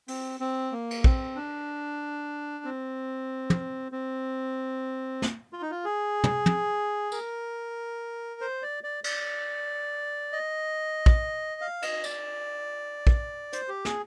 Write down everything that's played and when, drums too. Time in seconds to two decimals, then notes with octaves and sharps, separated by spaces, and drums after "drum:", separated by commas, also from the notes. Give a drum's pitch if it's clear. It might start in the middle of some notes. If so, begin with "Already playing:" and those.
0.08 C4, drum: open hi-hat
0.40 C4
0.72 A#3
0.91 drum: cymbal
1.04 C4, drum: kick
1.36 D4
2.65 C4
3.50 drum: tom
3.92 C4
5.22 drum: snare
5.53 F4
5.62 D#4
5.71 F4
5.85 G#4
6.24 drum: tom
6.46 drum: tom
7.12 A#4, drum: tambourine
8.41 C5
8.62 D5
8.83 D5
9.04 D5, drum: cymbal
10.32 D#5
11.06 drum: kick
11.61 F5
11.82 D#5, drum: cymbal
12.04 D5, drum: tambourine
13.07 drum: kick
13.53 C5, drum: hi-hat
13.68 G4
13.85 G#4, drum: snare